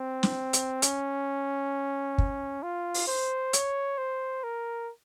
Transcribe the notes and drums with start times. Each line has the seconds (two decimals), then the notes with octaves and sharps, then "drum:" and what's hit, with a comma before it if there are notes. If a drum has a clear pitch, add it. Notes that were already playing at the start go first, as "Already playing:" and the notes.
Already playing: C4
0.23 drum: snare
0.53 drum: hi-hat
0.82 C#4, drum: hi-hat
2.18 drum: kick
2.63 F4
2.94 drum: open hi-hat
3.08 C5
3.53 C#5, drum: hi-hat
3.98 C5
4.44 A#4